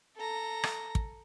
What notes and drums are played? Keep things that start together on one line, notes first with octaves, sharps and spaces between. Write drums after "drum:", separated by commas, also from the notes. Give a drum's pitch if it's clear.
A4 A#5
drum: rim click
drum: kick